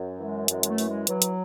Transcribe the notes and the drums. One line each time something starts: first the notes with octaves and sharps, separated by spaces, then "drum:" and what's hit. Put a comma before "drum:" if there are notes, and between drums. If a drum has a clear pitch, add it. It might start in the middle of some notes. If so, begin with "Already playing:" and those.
Already playing: F#2
E3 G#3
F#2 G#3, drum: hi-hat
G#3, drum: hi-hat
A3
E3, drum: open hi-hat
G#3
E3 F#3, drum: hi-hat
drum: hi-hat